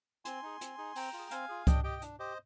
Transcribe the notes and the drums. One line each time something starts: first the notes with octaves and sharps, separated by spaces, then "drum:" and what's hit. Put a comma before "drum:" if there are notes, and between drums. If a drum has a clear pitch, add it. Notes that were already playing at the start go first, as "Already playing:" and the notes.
C4 G#5 C6, drum: hi-hat
D#4 G#4
C4, drum: hi-hat
D#4 G#4
C4 G5 A#5, drum: open hi-hat
F4
G#4
C4 F5 G#5, drum: hi-hat
F4 G#4
D4 D#5 G5, drum: kick C#2, hi-hat
G4 D#5 G5
D4, drum: hi-hat
G4 C5 D#5